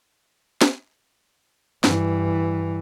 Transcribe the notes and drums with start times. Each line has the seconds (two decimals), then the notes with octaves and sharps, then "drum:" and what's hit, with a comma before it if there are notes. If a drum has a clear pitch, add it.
0.61 drum: snare
1.84 G2 E3, drum: snare